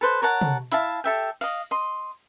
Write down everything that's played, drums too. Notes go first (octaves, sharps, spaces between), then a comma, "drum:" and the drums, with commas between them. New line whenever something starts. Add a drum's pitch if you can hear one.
A4 B4 C5
A#4 C#5 F#5 A5
drum: tom
E4 E5 F5 A5, drum: hi-hat
G4 A4 E5 G5
D#5 F5, drum: open hi-hat
D#5 C6